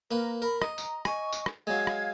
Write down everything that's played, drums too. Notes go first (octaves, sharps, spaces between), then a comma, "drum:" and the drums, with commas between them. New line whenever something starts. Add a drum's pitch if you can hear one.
A#3 A#4 B4
A#4 B5
D#5 A#5, drum: rim click
drum: tambourine
D#5 G#5 C#6, drum: rim click
drum: tambourine
drum: rim click
F#3 G#3 F5 G#6
drum: rim click